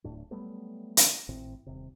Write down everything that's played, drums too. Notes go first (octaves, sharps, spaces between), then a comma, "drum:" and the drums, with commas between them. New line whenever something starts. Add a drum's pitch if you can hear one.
D1 A2 D4
F#3 G3 A3 B3
drum: hi-hat
G#1 A2 C4
D#1 C3